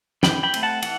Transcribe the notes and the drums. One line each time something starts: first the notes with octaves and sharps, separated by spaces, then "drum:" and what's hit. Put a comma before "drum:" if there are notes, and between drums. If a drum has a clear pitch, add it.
E3 G5 B5, drum: snare
G5 B5
A3 C4, drum: cymbal
F#5 A5
E3 F#5, drum: cymbal